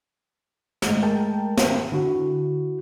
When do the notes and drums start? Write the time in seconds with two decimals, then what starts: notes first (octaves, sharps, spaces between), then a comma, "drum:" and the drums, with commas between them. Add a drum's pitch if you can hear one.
0.82 G#3 A3, drum: snare
1.02 A#4 G5 A5
1.57 drum: snare
1.92 D3 E4 F#4